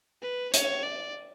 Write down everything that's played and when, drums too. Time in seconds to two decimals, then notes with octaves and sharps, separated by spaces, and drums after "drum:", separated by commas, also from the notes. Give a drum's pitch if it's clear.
0.22 B4
0.54 C#5, drum: hi-hat
0.83 D5